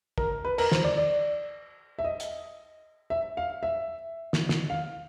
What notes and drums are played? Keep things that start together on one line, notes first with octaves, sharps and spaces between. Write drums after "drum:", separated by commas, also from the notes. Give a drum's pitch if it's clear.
A#4, drum: kick
B4
A#4, drum: cymbal
C5, drum: snare
D5
D5
E5
D#5
drum: hi-hat
E5
F5
E5
drum: snare
drum: snare
F5